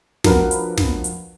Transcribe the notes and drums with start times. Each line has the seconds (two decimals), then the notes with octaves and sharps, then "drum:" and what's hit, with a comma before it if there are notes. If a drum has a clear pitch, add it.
0.24 F3 D4 F#4 A#4 B4, drum: snare
0.51 drum: hi-hat
0.78 drum: snare
1.04 drum: hi-hat